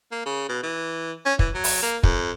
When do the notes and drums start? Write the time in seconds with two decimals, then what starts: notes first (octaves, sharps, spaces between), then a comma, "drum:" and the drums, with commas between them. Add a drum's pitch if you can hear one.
0.12 A#3
0.25 C#3
0.49 B2
0.63 E3
1.26 C#4
1.39 E3, drum: kick
1.54 F#3
1.64 drum: open hi-hat
1.82 A#3
2.03 F2, drum: kick